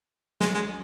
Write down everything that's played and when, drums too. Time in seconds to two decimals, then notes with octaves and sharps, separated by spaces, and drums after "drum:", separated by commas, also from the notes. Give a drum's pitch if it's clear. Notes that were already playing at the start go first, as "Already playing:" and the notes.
0.41 G#3, drum: snare
0.54 G#3